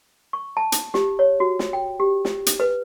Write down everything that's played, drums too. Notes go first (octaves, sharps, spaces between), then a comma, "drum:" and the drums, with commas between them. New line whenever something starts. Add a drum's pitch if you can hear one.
C#6
A5
drum: hi-hat
G4, drum: snare
C#5
F#4
drum: snare
G5
G4
drum: snare
drum: hi-hat
B4